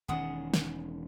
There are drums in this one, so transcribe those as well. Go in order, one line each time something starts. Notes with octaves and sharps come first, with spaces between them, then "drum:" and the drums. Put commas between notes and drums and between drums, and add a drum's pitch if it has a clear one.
E1 D#3 C#4 G#4 F#5 D#6
drum: snare